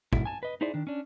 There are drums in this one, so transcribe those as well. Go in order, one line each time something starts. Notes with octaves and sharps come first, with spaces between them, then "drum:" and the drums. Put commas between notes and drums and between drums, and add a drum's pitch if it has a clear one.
G#2 B2 E4, drum: kick
G#5 A5
B4 D#5
D#4 E4 G#4 C5 D5
D#3 D4
C#4 D4